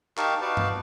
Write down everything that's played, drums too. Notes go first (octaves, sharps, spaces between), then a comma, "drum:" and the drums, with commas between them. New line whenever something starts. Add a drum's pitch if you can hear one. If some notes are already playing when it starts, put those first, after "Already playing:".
D#4 G4 A#4 F5 A5 C#6, drum: clap
D#4 F#4 B4 D5 F5 A5
drum: tom G2